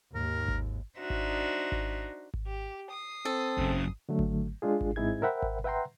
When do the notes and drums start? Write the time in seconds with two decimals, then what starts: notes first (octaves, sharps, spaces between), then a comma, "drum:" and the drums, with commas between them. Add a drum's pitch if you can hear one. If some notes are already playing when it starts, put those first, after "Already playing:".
0.15 D#2 G#2 A#4
0.48 drum: kick G#1
1.00 D4 D#4 F#4 C5 E5
1.10 drum: kick G#1
1.72 drum: kick G#1
2.34 drum: kick G#1
2.47 G4
2.91 D#6 C7
3.25 C4 A4
3.58 F#2 C#3, drum: kick G#1
4.09 D3 F#3 A3
4.19 drum: kick G#1
4.62 G#3 D4 F4 G#4
4.81 drum: kick G#1
4.96 G#2 C4 D#4 E4 G#4 G#6
5.22 A#4 C5 E5 F#5 G5 B5
5.42 drum: kick G#1
5.64 B4 E5 F#5 G5 A#5 C6